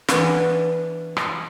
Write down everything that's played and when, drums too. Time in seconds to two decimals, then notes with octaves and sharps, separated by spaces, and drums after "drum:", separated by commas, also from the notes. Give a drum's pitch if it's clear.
0.09 E3 B3 D4, drum: snare
1.17 drum: rim click